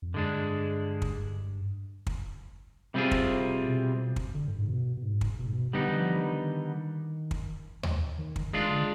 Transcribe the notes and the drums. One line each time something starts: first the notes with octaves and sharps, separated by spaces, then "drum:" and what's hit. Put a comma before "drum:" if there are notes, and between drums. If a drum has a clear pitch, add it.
F2
G2 D3 G#3 D4
drum: kick
drum: kick
C3 G3 C4 F4 G#4
drum: kick
B2
drum: kick
D3
G2
G#2
B2
B2
G#2
drum: kick
B2
G#2
B2
D3 G3 B3 D#4
D#3
F3
F3
D#3
drum: kick
drum: tom D#2
D#3
drum: kick
D#3 G#3 D4 F4
D3